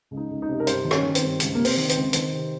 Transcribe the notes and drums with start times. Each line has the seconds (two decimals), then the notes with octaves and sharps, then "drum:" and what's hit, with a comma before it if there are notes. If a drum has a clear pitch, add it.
0.11 C#2
0.17 D#4
0.30 C#2
0.42 D#4
0.49 C3
0.60 A#4
0.67 G2 C5, drum: hi-hat
0.85 D#3
0.91 C#4, drum: rim click
1.03 D#3
1.15 C4, drum: hi-hat
1.22 G2
1.40 C#2, drum: hi-hat
1.55 C3 A#3
1.65 C4, drum: open hi-hat
1.77 D#3
1.89 C4, drum: hi-hat
1.95 C#2
2.13 D#3 C4, drum: hi-hat
2.32 C3